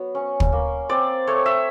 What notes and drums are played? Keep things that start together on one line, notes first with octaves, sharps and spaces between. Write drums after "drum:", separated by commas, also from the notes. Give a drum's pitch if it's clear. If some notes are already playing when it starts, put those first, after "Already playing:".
Already playing: F#3 B3
C#4
drum: kick
A#3
C4 D5
A3 C#5
E5